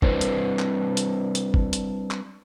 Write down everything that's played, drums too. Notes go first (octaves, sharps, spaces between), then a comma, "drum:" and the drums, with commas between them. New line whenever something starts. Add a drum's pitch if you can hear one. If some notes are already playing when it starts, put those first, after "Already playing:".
G3 C4 D4 E4 B4 C5, drum: kick
drum: hi-hat
drum: clap
drum: hi-hat
drum: hi-hat
drum: kick
drum: hi-hat
drum: clap